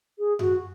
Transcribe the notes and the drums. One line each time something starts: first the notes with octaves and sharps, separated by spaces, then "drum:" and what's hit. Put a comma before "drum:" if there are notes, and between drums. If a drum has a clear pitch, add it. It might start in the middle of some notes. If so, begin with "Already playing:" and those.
G#4
F#4, drum: tom F#2